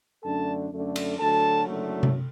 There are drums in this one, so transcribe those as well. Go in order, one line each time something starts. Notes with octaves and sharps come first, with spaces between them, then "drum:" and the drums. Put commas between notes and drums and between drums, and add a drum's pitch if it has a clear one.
F#2 D3 A3 D4 A4 A5
F#2 D3 A3 D4
drum: cymbal
D2 D3 F#3 A4 A5
F#1 F#2 D3 F#3 A3
drum: tom C3